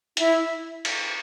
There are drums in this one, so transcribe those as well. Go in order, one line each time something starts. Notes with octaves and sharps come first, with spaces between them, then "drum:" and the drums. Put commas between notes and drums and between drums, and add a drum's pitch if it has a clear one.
E4, drum: hi-hat
drum: cymbal